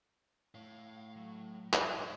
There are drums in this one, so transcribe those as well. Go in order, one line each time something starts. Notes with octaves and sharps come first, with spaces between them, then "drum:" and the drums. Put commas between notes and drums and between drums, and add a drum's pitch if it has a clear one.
A2 F5
F#3
drum: clap
G#2 D3